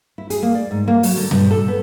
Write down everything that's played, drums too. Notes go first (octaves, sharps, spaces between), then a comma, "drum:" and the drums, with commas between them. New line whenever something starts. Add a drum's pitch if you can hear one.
E4
G#4, drum: hi-hat
A#3
D5
G#2
A#3
F#3, drum: open hi-hat
D3
G2, drum: tom A#2
A4
B3